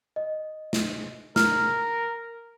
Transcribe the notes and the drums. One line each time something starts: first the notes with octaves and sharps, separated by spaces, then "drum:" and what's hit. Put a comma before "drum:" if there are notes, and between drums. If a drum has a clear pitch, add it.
D#5
drum: snare
A#4 F6, drum: snare